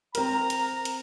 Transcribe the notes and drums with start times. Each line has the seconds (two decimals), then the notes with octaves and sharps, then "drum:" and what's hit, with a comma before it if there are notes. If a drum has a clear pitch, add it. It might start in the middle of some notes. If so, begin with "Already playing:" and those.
0.15 C4 A#4 A#5, drum: hi-hat
0.50 drum: hi-hat
0.85 drum: hi-hat